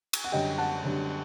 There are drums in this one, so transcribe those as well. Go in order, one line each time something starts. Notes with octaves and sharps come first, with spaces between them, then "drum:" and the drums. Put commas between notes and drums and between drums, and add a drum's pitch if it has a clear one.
drum: cymbal
F#5
F#2 D3 G3 D#5 G5
F#5 A5
F#2 D3 G3